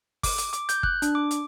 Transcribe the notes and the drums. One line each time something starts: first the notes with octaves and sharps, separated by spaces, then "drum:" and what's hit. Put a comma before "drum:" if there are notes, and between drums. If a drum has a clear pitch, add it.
D6, drum: kick G1, open hi-hat
drum: hi-hat
D6, drum: hi-hat
G6, drum: hi-hat
F#6, drum: kick G1
D4, drum: hi-hat
D6
drum: hi-hat